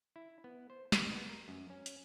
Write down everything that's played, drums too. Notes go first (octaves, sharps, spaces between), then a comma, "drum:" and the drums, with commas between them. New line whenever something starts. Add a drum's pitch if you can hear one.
E4
B3
C5
D#3, drum: snare
B3
A#4
F#2
C#4
drum: hi-hat